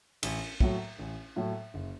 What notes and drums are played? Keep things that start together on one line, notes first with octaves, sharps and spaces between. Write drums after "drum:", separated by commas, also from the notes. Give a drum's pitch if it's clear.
A1, drum: cymbal
A2 F#3, drum: kick
A1
A2 F#3
F#1